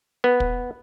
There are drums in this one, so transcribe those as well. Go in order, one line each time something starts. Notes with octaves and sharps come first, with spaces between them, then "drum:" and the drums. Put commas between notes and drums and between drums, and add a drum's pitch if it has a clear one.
B3
drum: kick